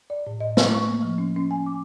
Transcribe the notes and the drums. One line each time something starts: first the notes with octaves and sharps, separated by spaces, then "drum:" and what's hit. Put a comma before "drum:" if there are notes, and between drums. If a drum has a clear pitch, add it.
D5
A2
D#5
A3, drum: snare
C#6
A#3
F3
C#4
C#4
G#5
D6